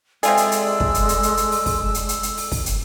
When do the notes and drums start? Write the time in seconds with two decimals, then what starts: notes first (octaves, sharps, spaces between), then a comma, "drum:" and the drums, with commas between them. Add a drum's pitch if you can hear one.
0.23 C3 G#3 F4 G#4 A4 D5 E6, drum: hi-hat
0.37 drum: hi-hat
0.52 drum: hi-hat
0.80 drum: kick
0.94 drum: hi-hat
1.09 drum: hi-hat
1.23 drum: hi-hat
1.37 drum: hi-hat
1.52 drum: open hi-hat
1.66 drum: kick, open hi-hat
1.94 drum: hi-hat
2.09 drum: hi-hat
2.23 drum: hi-hat
2.37 drum: open hi-hat
2.52 drum: kick, open hi-hat
2.66 drum: hi-hat